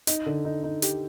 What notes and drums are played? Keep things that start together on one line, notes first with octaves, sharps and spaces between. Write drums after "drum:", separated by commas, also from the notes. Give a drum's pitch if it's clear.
D#4, drum: hi-hat
D3
D#4
D#4
G4, drum: hi-hat